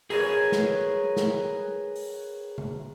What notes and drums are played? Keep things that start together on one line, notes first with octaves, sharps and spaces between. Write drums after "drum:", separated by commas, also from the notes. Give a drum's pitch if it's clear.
G#4 A#4 B4 C#5, drum: open hi-hat
drum: snare
drum: snare
drum: open hi-hat
drum: tom C#3